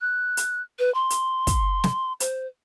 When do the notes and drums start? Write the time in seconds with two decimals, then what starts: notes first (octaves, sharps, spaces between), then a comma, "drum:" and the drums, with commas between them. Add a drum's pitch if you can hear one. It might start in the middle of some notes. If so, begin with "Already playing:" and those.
0.01 F#6
0.37 drum: hi-hat
0.79 B4
0.94 C6
1.10 drum: hi-hat
1.47 drum: kick, hi-hat
1.84 drum: snare
2.20 C5, drum: hi-hat